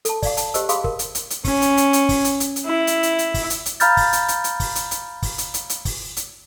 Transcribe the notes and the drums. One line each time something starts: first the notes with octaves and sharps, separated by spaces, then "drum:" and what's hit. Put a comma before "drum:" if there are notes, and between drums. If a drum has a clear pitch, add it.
A4 A5, drum: hi-hat
D5 F5 F#5, drum: kick, open hi-hat
A5, drum: hi-hat
G4 C5 D#5 E6, drum: hi-hat
G#4 F5 B5 C6 D#6, drum: hi-hat
A#4, drum: kick
drum: hi-hat
drum: hi-hat
drum: hi-hat
C#4, drum: kick, open hi-hat
drum: hi-hat
drum: hi-hat
drum: hi-hat
drum: kick, open hi-hat
drum: hi-hat
drum: hi-hat
drum: hi-hat
E4
drum: hi-hat
drum: hi-hat
drum: hi-hat
drum: kick, open hi-hat
drum: hi-hat
drum: hi-hat
F5 A#5 B5 F6 G6 A6, drum: hi-hat
drum: kick, open hi-hat
drum: hi-hat
drum: hi-hat
drum: hi-hat
drum: kick, open hi-hat
drum: hi-hat
drum: hi-hat
drum: kick, open hi-hat
drum: hi-hat
drum: hi-hat
drum: hi-hat
drum: kick, open hi-hat
drum: hi-hat